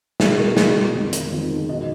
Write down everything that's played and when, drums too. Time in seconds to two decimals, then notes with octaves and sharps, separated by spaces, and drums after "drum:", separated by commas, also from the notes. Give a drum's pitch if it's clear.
0.20 B2 G#4, drum: snare
0.39 G#3 A#4
0.57 B2 G#4, drum: snare
0.76 G#3
0.95 F2
1.13 D#3 G#3, drum: hi-hat
1.31 F2
1.51 D#3 G#3
1.69 B2 D#5